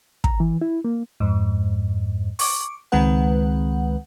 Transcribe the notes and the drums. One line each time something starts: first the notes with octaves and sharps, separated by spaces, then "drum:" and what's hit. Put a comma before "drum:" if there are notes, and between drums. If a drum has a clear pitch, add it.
A#5, drum: kick
E3
E4
A#3
F2 G#2
C#6 D6, drum: open hi-hat
C#2 D#3 G#3 C4 B4 F#5